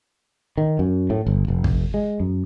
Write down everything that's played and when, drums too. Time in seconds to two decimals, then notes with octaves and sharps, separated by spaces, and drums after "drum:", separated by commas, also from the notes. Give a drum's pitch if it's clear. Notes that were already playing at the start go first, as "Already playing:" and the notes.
0.58 D#3
0.79 F#2
1.10 A2
1.27 G1
1.48 F1
1.64 drum: kick
1.94 G#3
2.20 F#2